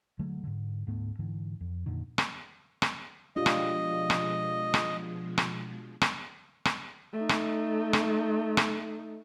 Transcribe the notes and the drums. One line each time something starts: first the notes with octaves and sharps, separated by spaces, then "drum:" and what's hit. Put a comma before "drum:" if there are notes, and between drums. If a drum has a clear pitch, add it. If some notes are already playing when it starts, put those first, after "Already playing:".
D3 F#3 G#3 A3
G#2 D3
D2 G#2 A3 B3
G#2 D3 E3
F2
F2 A#2 D3 D#3
drum: rim click
drum: rim click
B2 F3 G#3 D4 F4 G4 D#5
drum: rim click
drum: rim click
drum: rim click
drum: rim click
drum: rim click
drum: rim click
A3 D#4
drum: rim click
drum: rim click
drum: rim click